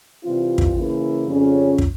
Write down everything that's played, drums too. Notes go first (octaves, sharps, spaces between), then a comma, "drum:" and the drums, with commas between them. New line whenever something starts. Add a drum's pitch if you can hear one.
C3 E3 G3 C4 F4
drum: kick
C#3 E3 A#3 E4
F2 C#3 G3 C#4 F4
drum: kick